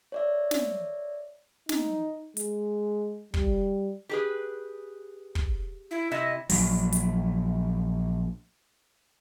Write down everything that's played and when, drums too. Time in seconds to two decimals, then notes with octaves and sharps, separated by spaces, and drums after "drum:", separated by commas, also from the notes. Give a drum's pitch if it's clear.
0.12 C#5 D5 E5
0.51 drum: snare
1.69 D#4, drum: snare
2.37 G#3, drum: hi-hat
3.34 G3, drum: kick
4.09 G4 G#4 B4
5.35 drum: kick
5.91 E4
6.12 C3 E4 D#5 E5
6.49 A#1 F#3, drum: open hi-hat
6.92 drum: hi-hat